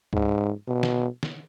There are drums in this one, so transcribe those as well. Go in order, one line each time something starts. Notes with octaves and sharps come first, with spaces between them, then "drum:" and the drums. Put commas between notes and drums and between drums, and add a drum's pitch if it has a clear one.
G#2, drum: kick
B2
drum: snare
drum: snare